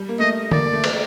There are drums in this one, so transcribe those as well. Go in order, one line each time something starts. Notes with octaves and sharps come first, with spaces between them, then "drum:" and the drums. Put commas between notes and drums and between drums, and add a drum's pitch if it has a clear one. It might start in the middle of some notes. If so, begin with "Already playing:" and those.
Already playing: G3
A#3
A3 D#5
A#3 D5, drum: tom D3
A3
drum: cymbal